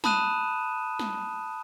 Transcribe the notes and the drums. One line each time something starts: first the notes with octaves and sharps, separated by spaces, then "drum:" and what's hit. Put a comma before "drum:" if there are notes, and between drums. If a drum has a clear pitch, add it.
A5 B5 D#6 F#6 D#7 E7, drum: snare
drum: snare